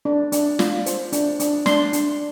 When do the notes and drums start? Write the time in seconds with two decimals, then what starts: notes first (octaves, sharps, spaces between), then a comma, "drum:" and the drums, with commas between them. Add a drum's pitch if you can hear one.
0.05 D4
0.32 D4, drum: hi-hat
0.59 F4, drum: snare
0.86 C5, drum: hi-hat
1.12 D4, drum: hi-hat
1.40 D4, drum: hi-hat
1.66 D4 C6, drum: snare
1.93 D4, drum: hi-hat